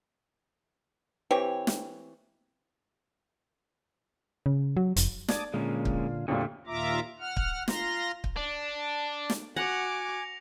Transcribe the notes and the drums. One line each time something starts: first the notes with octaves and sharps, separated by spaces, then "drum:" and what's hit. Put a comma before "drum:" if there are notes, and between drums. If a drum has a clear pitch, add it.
E3 C4 G4 C#5
drum: snare
C#3
F#3
F1, drum: hi-hat
D5 A5 D6 D#6 G#6, drum: snare
A#2 D3 G#3 A#3 C#4 F4
drum: kick
F2 A#2 D3 G3 A3 C#5
D#2 A#2 F4 E5 A#5 D6
F#5 F6
drum: kick
F4 A#5 C6 A#6, drum: snare
drum: kick
D4
drum: snare
F#4 F#5 G#5 D6 A#6 C#7 F7